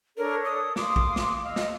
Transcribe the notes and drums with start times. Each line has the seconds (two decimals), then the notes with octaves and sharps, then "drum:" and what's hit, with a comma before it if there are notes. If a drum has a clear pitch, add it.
0.17 D4 A4 A#4 C#5
0.45 D#6
0.76 F5 C6 D6 D#6, drum: snare
0.96 drum: kick
1.16 drum: snare
1.44 D#5 F5 E6
1.56 drum: snare